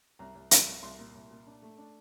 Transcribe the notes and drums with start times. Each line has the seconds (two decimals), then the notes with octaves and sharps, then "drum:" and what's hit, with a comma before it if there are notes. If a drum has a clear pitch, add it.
0.19 C2 A#5
0.35 C2
0.51 C2, drum: hi-hat
0.67 C2
0.83 C2 C6
0.99 A#2
1.15 C2
1.31 A#2
1.47 D4
1.62 A3
1.78 D4